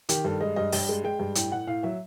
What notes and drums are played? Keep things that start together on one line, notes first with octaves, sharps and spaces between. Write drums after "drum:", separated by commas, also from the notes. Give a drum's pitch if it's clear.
D#3 G4, drum: hi-hat
G2 A4
G#3 D#5
G2 D#5
G2 G5, drum: open hi-hat
G#3
G#3 G5
G2
A2 G5, drum: hi-hat
A2 F#5
A2 F5
F#3 E5